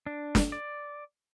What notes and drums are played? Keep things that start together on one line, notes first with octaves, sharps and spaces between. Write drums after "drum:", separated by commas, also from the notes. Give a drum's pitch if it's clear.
D4
drum: snare
D5